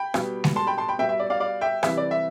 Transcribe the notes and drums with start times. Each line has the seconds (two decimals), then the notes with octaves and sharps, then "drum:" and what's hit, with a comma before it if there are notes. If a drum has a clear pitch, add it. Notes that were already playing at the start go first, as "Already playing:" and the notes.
Already playing: G5 B5
0.14 B2 G3, drum: rim click
0.44 drum: snare
0.56 A5 C6
0.67 G5 B5
0.78 A5 C6
0.88 G5 B5
0.99 B2 G3 E5 G5
1.09 E5
1.19 D5
1.30 D5 F5
1.40 D5 F5
1.61 E5 G5
1.83 C3 E3 G3 E5, drum: rim click
1.97 D5
2.11 E5